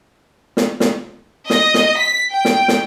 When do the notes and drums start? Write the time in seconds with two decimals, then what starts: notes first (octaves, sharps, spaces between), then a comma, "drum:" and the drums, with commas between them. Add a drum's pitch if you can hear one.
0.57 drum: snare
0.80 drum: snare
1.50 D#5, drum: snare
1.74 drum: snare
1.98 B6
2.32 G5
2.45 drum: snare
2.68 drum: snare